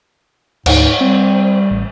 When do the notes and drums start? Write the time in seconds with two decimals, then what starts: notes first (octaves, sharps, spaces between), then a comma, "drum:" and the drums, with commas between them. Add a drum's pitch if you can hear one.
0.66 D2 G#2, drum: cymbal
1.01 G3 C4
1.70 A1